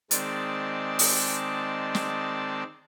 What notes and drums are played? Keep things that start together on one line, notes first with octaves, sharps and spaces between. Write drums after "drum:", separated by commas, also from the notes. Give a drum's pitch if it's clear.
D#3 G#3 C4 D5 A5, drum: hi-hat
drum: open hi-hat
drum: snare